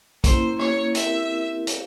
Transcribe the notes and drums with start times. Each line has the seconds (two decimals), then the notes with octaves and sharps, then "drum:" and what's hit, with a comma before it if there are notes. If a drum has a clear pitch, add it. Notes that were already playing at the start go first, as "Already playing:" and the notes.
0.24 A#3 C#4 E4 C5, drum: kick, hi-hat
0.59 C#5, drum: rim click
0.95 C4 E4 G4 A#4 E5, drum: hi-hat
1.67 G4 C5 F5, drum: hi-hat